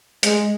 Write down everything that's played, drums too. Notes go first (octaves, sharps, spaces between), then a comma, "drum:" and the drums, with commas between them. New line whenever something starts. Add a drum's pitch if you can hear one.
G#3, drum: hi-hat